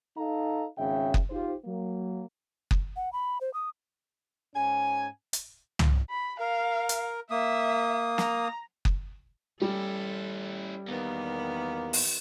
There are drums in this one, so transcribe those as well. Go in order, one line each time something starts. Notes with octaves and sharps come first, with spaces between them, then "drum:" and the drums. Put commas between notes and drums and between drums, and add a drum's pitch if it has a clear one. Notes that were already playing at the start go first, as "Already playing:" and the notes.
D#4 A4 D#5 F5 A#5
G#1 C#3 C#4 E5 G5
drum: kick F#1
D#4 F4 G4 C5
F#3 A#3
drum: kick F#1
F#5
B5
C5
D#6
G#2 C#4 G#5
drum: hi-hat
drum: tom
B5
A#4 F5
drum: hi-hat
A#3 E5 D#6
A#5, drum: snare
drum: kick F#1
G3 C#4 E4 A4
E2 D#3 A#3 B3 G4
drum: open hi-hat